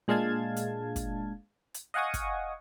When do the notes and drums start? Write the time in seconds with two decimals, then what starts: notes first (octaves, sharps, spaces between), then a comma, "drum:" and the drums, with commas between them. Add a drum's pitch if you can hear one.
0.08 A#2 G#3 D4 F5 A5 G#6
0.56 drum: hi-hat
0.96 drum: kick, hi-hat
1.74 drum: hi-hat
1.94 D#5 F5 F#5 G#5 C#6 D#6
2.14 drum: kick, hi-hat